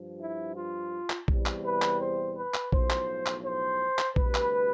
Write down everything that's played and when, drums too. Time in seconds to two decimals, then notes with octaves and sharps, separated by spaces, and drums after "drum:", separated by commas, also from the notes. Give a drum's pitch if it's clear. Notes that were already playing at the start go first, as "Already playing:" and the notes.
Already playing: G2 F3
0.20 E4
0.55 F4
1.10 drum: clap
1.28 E2 C3 E3 G3, drum: kick A#1
1.46 drum: clap
1.64 B4
1.82 drum: clap
2.00 C5
2.36 B4
2.54 drum: clap
2.72 B1 A2 F3 C5, drum: kick A#1
2.90 drum: clap
3.26 drum: clap
3.44 C5
3.99 drum: clap
4.16 D2 C3 G3 B4, drum: kick A#1
4.35 drum: clap